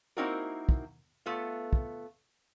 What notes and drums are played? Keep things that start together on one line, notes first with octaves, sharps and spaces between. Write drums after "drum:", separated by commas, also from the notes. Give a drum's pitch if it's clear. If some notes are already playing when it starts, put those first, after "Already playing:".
A#3 C4 D#4 E4 F#4 A#4
drum: kick
A3 B3 F4
drum: kick